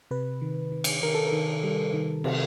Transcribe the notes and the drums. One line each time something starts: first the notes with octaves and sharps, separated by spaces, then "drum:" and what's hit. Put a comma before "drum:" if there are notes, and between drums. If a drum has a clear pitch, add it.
C3 B4
D#3
D#3
drum: cymbal
D#3 A#4
A4
A#4
D#3
G3
D#3
C3, drum: cymbal